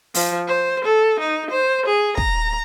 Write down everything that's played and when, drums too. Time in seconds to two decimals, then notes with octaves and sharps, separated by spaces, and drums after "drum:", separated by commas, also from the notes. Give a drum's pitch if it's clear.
0.14 F3, drum: open hi-hat
0.47 C5
0.85 A4
1.20 D#4
1.51 C5
1.86 G#4
2.17 A#5, drum: kick